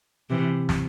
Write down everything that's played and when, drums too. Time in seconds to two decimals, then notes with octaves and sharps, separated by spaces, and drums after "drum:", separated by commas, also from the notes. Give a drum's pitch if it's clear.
0.30 C3 E3
0.69 drum: snare